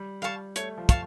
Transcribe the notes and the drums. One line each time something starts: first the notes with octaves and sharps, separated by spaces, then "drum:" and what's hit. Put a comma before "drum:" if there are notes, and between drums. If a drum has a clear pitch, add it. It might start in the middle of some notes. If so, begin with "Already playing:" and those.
Already playing: G3
G3 F5 A5 C#6
A3 C#5, drum: hi-hat
F3
F5 A5 C#6, drum: kick, hi-hat